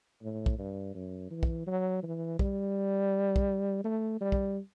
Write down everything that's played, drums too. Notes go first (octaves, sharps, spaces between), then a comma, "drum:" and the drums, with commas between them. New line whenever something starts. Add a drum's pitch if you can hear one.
A2
drum: kick
G2
F#2
E3
drum: kick
F#3
E3
G3, drum: kick
drum: kick
A3
G3
drum: kick